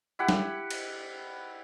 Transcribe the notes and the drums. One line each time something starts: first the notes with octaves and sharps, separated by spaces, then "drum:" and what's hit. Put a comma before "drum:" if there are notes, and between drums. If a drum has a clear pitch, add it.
E4 G4 F#5
drum: snare
drum: cymbal